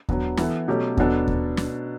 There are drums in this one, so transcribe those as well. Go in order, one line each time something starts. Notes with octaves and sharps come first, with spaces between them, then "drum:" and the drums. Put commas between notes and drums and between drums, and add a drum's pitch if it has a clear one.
F#3 B3 D4, drum: kick D#2
E3 B3 E4 A4, drum: snare
B2 F#3 A3 C#4 G4
B2 F#3 B3 D4 A4, drum: kick D#2
drum: kick D#2
drum: snare